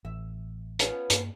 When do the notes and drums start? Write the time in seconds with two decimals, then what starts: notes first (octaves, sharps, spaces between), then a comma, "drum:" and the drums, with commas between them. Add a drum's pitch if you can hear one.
0.05 A1 E5
0.79 B3 C#4 F4, drum: hi-hat
1.10 G2 A#3, drum: hi-hat